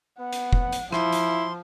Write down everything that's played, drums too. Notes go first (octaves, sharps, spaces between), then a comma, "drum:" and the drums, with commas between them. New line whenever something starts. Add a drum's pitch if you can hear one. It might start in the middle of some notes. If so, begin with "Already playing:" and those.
B3 F#5
drum: hi-hat
drum: kick
drum: hi-hat
F3 E4 C6, drum: rim click
drum: hi-hat